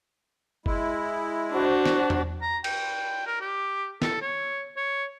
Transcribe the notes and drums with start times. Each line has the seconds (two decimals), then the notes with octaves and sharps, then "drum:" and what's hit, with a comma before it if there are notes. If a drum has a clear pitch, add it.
0.66 G#3 E4, drum: kick
1.53 D4 F#4 C5
1.86 drum: snare
2.10 drum: tom E2
2.42 A#5
2.64 G5, drum: cymbal
3.26 A#4
3.40 G4
4.02 A4, drum: snare
4.22 C#5
4.76 C#5